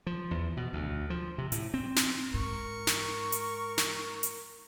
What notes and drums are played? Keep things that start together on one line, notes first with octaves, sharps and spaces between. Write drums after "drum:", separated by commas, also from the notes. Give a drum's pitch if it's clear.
F3
E2
B2
D2
F3
C3
A2, drum: hi-hat
C4
drum: snare
G#2 A#4 C#6
drum: snare
drum: hi-hat
drum: snare
drum: hi-hat